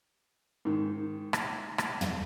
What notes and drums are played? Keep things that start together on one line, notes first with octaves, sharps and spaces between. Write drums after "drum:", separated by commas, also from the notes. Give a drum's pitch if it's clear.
G#2 D#3
drum: rim click
drum: rim click
drum: tom